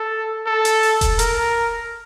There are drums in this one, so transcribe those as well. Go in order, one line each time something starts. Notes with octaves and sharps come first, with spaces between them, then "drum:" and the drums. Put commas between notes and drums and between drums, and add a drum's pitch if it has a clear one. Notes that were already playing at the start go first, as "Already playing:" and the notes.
Already playing: A4
A4
drum: hi-hat
drum: open hi-hat
drum: kick E1, hi-hat
A#4, drum: hi-hat